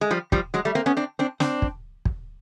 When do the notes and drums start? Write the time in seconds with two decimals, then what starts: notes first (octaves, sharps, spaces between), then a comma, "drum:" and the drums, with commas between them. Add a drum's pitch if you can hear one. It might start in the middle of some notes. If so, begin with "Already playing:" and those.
0.01 G#3
0.11 F3 G3
0.32 F3 G3, drum: kick
0.54 F#3 G#3
0.65 G3 A3
0.75 A#3 C4
0.86 B3 C#4
0.97 C4 D4
1.19 C4 D4
1.40 C4 D4, drum: snare
1.62 drum: kick
2.05 drum: kick